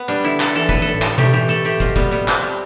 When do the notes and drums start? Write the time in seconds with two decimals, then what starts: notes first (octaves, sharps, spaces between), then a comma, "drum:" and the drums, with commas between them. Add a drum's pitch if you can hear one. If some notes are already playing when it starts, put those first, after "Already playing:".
Already playing: B3
0.08 G3 D4
0.24 D3 E4
0.40 D3 A4, drum: clap
0.55 E3 A4
0.69 A2 B4, drum: kick
0.82 A4
0.87 A2
1.02 A2, drum: clap
1.18 A3 G4, drum: tom B2
1.33 E3 G4
1.49 A3 A4
1.65 A3 G4
1.80 B2 F4, drum: kick
1.96 G3 B3, drum: kick
2.11 G3 B3
2.28 G3 C4, drum: clap
2.43 G3